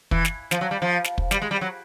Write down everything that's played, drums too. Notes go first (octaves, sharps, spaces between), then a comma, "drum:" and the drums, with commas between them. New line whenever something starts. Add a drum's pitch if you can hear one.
E3, drum: kick
drum: snare
F3, drum: snare
F#3
G3
F3
drum: snare
drum: kick
G3, drum: snare
G#3
G3
F#3